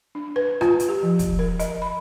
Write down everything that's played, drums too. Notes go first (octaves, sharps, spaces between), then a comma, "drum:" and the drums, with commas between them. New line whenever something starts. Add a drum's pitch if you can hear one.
D4
B4
F4, drum: rim click
drum: hi-hat
G4
F3
drum: kick, hi-hat
A#4
D#5, drum: hi-hat
B5